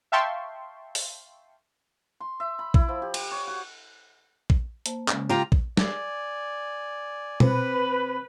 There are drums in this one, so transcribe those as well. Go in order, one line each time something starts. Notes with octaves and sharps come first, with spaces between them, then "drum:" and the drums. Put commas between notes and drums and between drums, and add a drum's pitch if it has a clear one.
E5 F5 G5 A5 C6 C#6
drum: open hi-hat
C6
E5
B5
E4, drum: kick A#1
F3
G4
G4, drum: cymbal
C#5
F#4
drum: kick A#1
A#3 C5 A5, drum: hi-hat
C#3 G#3 C#4, drum: clap
F4 G4 A#5
drum: kick A#1
D5 G#5, drum: snare
C3 B4, drum: tom B2